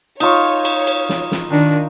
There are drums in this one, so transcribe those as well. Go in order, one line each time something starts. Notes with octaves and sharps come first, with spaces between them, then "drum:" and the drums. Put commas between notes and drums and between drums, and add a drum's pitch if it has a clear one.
D#4 F4 C#5 C#6, drum: cymbal
drum: cymbal
drum: cymbal
drum: snare
drum: snare
D#3 D4